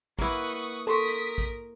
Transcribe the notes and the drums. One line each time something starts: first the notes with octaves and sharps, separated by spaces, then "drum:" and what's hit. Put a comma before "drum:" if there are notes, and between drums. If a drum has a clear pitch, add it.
A#3 E4 B4 F#5 C#6 D#6, drum: kick, hi-hat
drum: hi-hat
A4 A#4 C6 C#6 D#6 B6
drum: hi-hat
drum: kick, hi-hat